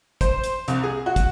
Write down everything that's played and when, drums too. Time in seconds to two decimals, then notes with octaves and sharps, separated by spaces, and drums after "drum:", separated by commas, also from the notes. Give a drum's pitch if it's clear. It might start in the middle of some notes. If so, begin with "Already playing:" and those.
0.21 C5, drum: kick, hi-hat
0.44 drum: hi-hat
0.68 C2, drum: hi-hat
0.83 G#4
1.06 F#4
1.16 drum: kick, hi-hat